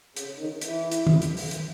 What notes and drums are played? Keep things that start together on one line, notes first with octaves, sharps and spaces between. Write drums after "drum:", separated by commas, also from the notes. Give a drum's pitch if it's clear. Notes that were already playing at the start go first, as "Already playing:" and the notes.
C#3, drum: hi-hat
C#3
D#3
E3, drum: hi-hat
drum: hi-hat
drum: tom
drum: hi-hat
drum: open hi-hat
E3, drum: hi-hat